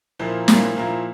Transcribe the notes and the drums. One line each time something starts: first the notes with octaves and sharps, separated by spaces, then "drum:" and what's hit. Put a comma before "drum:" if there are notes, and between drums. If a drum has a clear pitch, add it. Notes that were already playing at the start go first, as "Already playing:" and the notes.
A#2 F3 A#3 E4
A#2 F3 A#3 E4, drum: snare
A#2 F3 A#3 E4